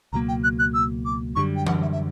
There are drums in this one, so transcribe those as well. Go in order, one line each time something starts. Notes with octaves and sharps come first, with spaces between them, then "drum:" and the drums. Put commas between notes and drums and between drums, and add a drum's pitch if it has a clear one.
C#2 B2 F#3 A#3 A#5
G5
F#6
F#6
E6
D6
F#2 D3 G3 C#6
G5
F#5, drum: tom E3
E5
E5